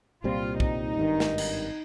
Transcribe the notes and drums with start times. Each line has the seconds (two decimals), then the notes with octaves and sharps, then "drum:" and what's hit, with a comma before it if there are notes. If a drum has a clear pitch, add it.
0.24 C2 A#2 G3 C4 F4
0.60 D#4, drum: kick
0.97 G#1 G2 D#3
1.20 drum: snare
1.38 drum: cymbal